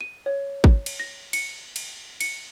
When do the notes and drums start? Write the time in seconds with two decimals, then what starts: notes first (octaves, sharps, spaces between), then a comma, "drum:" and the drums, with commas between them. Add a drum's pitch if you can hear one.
0.01 D#7
0.26 C#5
0.64 drum: kick
0.86 drum: cymbal
1.00 A#6
1.33 C#7, drum: cymbal
1.76 drum: cymbal
2.21 C#7, drum: cymbal